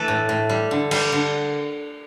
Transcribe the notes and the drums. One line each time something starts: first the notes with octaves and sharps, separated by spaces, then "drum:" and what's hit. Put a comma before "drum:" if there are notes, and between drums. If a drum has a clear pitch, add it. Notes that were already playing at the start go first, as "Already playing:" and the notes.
Already playing: E3 A3 A4 B4
A2
A2
G3
D3
G3, drum: cymbal
D3